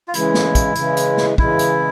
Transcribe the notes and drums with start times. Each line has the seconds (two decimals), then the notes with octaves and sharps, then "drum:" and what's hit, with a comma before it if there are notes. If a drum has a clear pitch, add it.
0.08 F4
0.14 C#3 E3 G#3 E4, drum: hi-hat
0.34 drum: snare
0.55 drum: kick, hi-hat
0.75 C#3 E3 G#3, drum: hi-hat
0.97 drum: hi-hat
1.17 drum: snare
1.38 C#3 E3 G#3 E4, drum: kick
1.59 drum: hi-hat